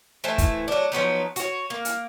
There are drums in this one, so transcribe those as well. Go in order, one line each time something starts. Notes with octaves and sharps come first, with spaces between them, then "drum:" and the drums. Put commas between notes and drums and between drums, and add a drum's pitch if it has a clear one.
E3 A3 C5 A5
drum: kick, hi-hat
F#3 D4
F3 F#3 B3 D#4
F#4 C#5, drum: hi-hat
A#3
drum: hi-hat